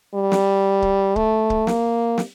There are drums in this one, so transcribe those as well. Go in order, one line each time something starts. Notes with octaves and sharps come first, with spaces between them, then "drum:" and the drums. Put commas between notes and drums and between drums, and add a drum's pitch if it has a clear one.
G3
drum: snare
drum: kick C#1
A3, drum: kick C#1
drum: kick C#1
A#3, drum: snare
drum: snare